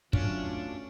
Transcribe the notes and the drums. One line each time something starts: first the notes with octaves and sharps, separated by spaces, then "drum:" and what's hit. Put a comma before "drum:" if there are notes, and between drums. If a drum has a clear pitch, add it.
E2 F#3 A3 C#4 D4 F4, drum: kick